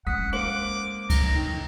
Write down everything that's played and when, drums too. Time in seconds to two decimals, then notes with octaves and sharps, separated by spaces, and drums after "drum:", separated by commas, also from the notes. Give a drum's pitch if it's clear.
0.07 G#3 C#4 F#5 D#6 B6
0.33 A#3 C5 D6 F#7
1.10 A#5, drum: kick C#2, cymbal
1.35 D#3